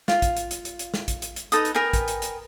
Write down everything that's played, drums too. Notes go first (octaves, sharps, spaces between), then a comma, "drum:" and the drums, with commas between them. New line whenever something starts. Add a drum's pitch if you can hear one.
F4, drum: snare
drum: kick A1, hi-hat
drum: hi-hat
drum: hi-hat
drum: hi-hat
drum: hi-hat
drum: snare
drum: kick A1, hi-hat
drum: hi-hat
drum: hi-hat
D#4 A4 B4 D#6, drum: hi-hat
drum: hi-hat
A#4 B4 G5 G#5
drum: kick A1, hi-hat
drum: hi-hat
drum: hi-hat